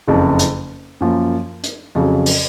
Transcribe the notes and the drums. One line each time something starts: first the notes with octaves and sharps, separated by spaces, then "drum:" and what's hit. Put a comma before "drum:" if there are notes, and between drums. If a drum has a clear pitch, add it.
F#1 F2 C#3
drum: hi-hat
F#2 F3 A#3
drum: hi-hat
F2 C#3 F#3
drum: open hi-hat